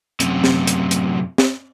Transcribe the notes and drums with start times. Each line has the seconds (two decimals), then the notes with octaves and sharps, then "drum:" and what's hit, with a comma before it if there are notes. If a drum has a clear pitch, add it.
0.20 F#2 C3, drum: hi-hat
0.44 drum: snare C4
0.67 drum: hi-hat
0.91 drum: hi-hat
1.38 drum: snare C4